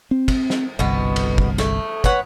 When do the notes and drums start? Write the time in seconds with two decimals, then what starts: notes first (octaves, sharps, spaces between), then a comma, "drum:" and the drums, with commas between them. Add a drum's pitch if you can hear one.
0.11 C4
0.28 drum: kick, cymbal
0.50 drum: snare
0.79 G1 C2 B2 B3
1.16 drum: cymbal
1.38 drum: kick
1.58 A3, drum: snare
2.04 B4 C#5 F#5, drum: kick